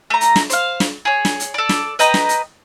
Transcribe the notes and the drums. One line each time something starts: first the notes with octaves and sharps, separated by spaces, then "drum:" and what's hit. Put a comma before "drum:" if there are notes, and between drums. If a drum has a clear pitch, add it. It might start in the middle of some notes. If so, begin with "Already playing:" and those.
A3 A#5
drum: hi-hat
drum: snare
C5 F5, drum: hi-hat
drum: snare
G#4 C#5
drum: snare
drum: hi-hat
A4 D5
drum: snare
B4 D#5 G5 A#5, drum: hi-hat
drum: snare
drum: hi-hat